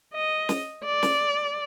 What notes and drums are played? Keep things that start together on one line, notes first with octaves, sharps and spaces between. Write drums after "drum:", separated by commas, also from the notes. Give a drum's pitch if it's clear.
D#5
drum: snare
D5
drum: snare